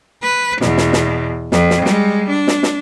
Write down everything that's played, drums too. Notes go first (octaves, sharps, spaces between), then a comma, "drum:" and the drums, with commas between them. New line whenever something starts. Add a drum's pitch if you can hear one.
B4
E2 B2, drum: snare
drum: snare
drum: snare
F2, drum: snare
drum: snare
G3 G#3, drum: snare
D4
drum: snare
drum: snare